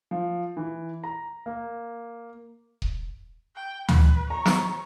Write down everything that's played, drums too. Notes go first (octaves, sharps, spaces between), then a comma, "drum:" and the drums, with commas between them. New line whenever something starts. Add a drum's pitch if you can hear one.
F3
E3
A#5
A#3
drum: kick D#1
G5
B4, drum: tom D2
C#5 A#5
drum: snare